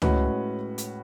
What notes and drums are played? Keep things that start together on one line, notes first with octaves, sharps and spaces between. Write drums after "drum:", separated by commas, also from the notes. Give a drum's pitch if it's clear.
A2 G#3 C#4 F#4 B4, drum: tom C#2
drum: hi-hat